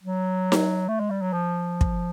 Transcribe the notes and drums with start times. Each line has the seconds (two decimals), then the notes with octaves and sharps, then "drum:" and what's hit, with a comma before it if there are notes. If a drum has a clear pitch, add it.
0.03 F#3
0.52 drum: snare D#4
0.88 A3
1.00 G#3
1.10 G3
1.22 F#3
1.33 F3
1.81 drum: kick